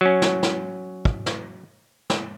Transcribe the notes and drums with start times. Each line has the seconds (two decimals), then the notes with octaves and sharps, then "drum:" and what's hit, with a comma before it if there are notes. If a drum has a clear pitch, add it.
0.01 F#3 C#4
0.22 drum: snare
0.43 drum: snare
1.05 drum: kick
1.26 drum: snare
2.10 drum: snare